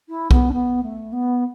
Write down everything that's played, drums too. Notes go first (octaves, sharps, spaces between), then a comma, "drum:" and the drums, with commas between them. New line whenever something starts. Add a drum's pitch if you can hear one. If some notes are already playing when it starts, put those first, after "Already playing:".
E4
B3, drum: kick B1
D4
B3
A3
B3